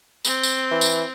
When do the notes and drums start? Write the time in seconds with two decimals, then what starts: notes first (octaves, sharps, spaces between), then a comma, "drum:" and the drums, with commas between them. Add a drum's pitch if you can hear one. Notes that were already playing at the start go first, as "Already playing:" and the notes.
0.25 C4, drum: tambourine
0.43 drum: tambourine
0.71 E3
0.81 drum: tambourine